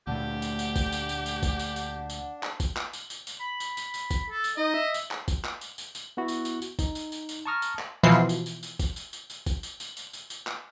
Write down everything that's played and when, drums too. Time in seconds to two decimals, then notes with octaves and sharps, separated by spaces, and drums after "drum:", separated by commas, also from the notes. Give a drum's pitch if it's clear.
0.07 D2 A#2 A3 D4 G4 F#5
0.42 drum: tambourine
0.59 drum: tambourine
0.76 drum: kick, tambourine
0.92 drum: tambourine
1.09 drum: tambourine
1.26 drum: tambourine
1.43 drum: kick, tambourine
1.59 drum: tambourine
1.76 drum: tambourine
2.10 drum: tambourine
2.43 drum: clap
2.60 drum: kick, tambourine
2.77 drum: clap
2.93 drum: tambourine
3.10 drum: tambourine
3.27 drum: tambourine
3.39 B5
3.60 drum: tambourine
3.77 drum: tambourine
3.94 drum: tambourine
4.11 drum: kick, tambourine
4.30 A4
4.44 drum: tambourine
4.57 D#4 D#5
4.74 E5
4.94 drum: tambourine
5.11 drum: clap
5.28 drum: kick, tambourine
5.45 drum: clap
5.61 drum: tambourine
5.78 drum: tambourine
5.95 drum: tambourine
6.17 B3 E4 F#4
6.28 drum: tambourine
6.45 drum: tambourine
6.62 drum: tambourine
6.79 D#4, drum: kick, tambourine
6.95 drum: tambourine
7.12 drum: tambourine
7.29 drum: tambourine
7.46 A5 A#5 C#6 D#6 F6 A#6
7.62 drum: tambourine
7.79 drum: clap
8.03 B2 E3 F3 C7
8.12 drum: clap
8.29 drum: tambourine
8.46 drum: tambourine
8.63 drum: tambourine
8.79 drum: kick, tambourine
8.96 drum: tambourine
9.13 drum: tambourine
9.30 drum: tambourine
9.46 drum: kick, tambourine
9.63 drum: tambourine
9.80 drum: tambourine
9.97 drum: tambourine
10.13 drum: tambourine
10.30 drum: tambourine
10.47 drum: clap